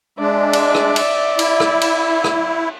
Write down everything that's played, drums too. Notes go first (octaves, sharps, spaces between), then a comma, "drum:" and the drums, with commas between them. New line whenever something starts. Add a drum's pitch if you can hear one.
G#3 D4 D5 E5
drum: cymbal
drum: rim click
drum: cymbal
E4, drum: cymbal
drum: rim click
drum: cymbal
drum: rim click